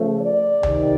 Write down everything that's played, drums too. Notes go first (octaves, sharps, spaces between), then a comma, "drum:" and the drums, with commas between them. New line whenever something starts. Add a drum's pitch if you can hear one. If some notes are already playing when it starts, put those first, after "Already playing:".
Already playing: C#3 F3 A3
D5
C3 D#3, drum: tom C#2